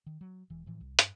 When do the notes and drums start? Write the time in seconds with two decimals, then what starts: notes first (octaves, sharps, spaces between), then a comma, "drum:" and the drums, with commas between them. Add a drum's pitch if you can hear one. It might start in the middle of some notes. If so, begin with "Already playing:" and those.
0.06 D#3
0.21 F#3
0.50 E1 E3
0.66 A2 E3 F3
0.81 C2
0.99 G2, drum: hi-hat